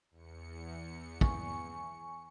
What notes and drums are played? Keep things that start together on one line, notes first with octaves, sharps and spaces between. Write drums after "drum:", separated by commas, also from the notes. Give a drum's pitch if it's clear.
E2 C#7
G#5 C#6, drum: kick